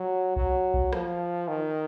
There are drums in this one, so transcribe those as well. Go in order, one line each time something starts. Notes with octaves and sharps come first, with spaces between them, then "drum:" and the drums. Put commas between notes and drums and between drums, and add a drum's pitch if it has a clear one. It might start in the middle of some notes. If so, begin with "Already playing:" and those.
Already playing: F#3
F#3, drum: kick B1
drum: kick B1
F3, drum: rim click
D#3